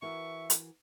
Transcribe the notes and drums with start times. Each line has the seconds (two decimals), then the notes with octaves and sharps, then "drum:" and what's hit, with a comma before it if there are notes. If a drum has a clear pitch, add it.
0.02 E3 F#4 A#4 E5 C#6
0.50 drum: hi-hat